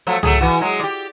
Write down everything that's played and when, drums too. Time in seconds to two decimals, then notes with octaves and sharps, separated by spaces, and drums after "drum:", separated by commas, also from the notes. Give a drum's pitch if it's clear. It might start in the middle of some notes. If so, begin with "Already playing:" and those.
0.07 F3 F#3 A3
0.23 F#3 A3 G#4, drum: tom
0.40 E3 F#4
0.61 F#3 G#3
0.80 G4 D5